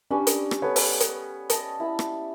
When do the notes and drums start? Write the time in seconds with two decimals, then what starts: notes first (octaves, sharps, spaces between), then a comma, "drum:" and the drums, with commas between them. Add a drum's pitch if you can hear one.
0.10 G3 C#4 D4 B4
0.27 drum: hi-hat
0.51 drum: rim click
0.62 B3 A4 B4 C#5
0.76 drum: open hi-hat
1.00 drum: hi-hat
1.50 D#5 A5, drum: hi-hat
1.80 E4 A5 B5
1.99 drum: rim click